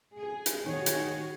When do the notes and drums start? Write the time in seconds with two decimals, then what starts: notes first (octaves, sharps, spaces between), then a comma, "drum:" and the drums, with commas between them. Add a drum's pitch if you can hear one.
0.16 G#4
0.46 drum: hi-hat
0.66 D#3 F#4 G#4 C#5
0.86 drum: hi-hat